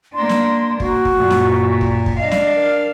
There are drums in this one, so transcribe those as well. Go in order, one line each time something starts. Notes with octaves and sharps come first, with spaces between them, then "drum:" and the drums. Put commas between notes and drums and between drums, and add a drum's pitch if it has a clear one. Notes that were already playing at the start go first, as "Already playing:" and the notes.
A#3 D4 C6
drum: snare
A#3 F#4, drum: kick
drum: kick
F#2 A#2
drum: snare
drum: kick
drum: kick
D4 D#5 F5
drum: snare
A#4